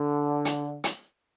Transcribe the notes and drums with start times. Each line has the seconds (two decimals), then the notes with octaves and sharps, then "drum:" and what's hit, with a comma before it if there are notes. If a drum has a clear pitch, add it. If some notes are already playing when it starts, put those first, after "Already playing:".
Already playing: D3
0.45 drum: hi-hat
0.84 drum: hi-hat